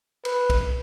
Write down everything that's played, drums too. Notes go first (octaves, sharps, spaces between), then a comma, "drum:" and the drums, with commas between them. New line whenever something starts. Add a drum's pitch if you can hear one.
B4, drum: cymbal
drum: kick, cymbal